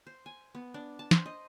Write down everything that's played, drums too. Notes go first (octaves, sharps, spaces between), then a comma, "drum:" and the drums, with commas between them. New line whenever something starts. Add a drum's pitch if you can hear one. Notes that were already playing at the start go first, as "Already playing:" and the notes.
C5
G#5
B3
D4
A5
C5, drum: snare
D#5